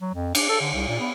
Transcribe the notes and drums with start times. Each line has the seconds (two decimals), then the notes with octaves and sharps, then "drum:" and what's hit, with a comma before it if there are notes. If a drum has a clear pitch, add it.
0.01 F#3
0.14 F2
0.35 D4, drum: cymbal
0.49 A4
0.61 D3
0.74 C2
0.88 A#2
1.00 B3